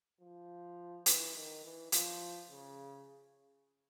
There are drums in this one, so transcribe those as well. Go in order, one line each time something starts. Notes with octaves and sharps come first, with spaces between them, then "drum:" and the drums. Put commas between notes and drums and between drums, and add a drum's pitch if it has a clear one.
F3
E3, drum: hi-hat
D#3
E3
F3, drum: hi-hat
C#3